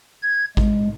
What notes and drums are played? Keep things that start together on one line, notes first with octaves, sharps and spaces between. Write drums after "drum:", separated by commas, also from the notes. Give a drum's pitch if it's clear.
G#6
G#3, drum: kick A1